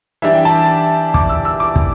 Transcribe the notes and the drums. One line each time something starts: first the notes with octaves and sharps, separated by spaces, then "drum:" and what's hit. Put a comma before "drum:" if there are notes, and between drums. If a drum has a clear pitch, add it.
E3 G3 D4 E5
G5
A5
D6, drum: kick
E6
E6
D6
drum: kick